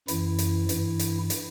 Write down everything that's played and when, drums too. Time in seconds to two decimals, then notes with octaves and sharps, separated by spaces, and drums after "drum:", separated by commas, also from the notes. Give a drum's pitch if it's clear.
0.08 F#2 E3 E4, drum: hi-hat
0.39 drum: hi-hat
0.69 G2 E3, drum: hi-hat
0.99 drum: hi-hat
1.30 drum: hi-hat